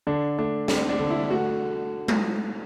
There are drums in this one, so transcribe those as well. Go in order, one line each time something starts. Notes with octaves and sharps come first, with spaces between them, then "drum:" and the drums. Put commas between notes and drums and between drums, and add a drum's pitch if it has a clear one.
D3 D4
A3 D4
A3 C4, drum: snare
D4
D3
E4
A3 F#4
drum: tom G#3